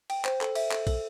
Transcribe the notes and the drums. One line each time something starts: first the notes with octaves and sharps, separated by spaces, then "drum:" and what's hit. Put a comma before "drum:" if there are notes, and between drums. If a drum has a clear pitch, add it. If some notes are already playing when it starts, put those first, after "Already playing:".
G5, drum: cymbal
C5, drum: clap
A4, drum: clap
E5, drum: cymbal
A4, drum: clap
A4, drum: kick, cymbal